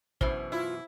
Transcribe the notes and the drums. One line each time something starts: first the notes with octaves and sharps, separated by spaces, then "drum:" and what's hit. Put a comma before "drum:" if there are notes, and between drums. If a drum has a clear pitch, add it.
F#2 B2 E3 C5, drum: kick
E4 F4